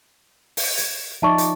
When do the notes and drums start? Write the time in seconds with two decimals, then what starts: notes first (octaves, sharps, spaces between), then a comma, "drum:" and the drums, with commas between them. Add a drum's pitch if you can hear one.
0.57 drum: open hi-hat
0.77 G#6, drum: hi-hat
1.22 F3 D#4 D5 E5 A5 C#6
1.38 drum: hi-hat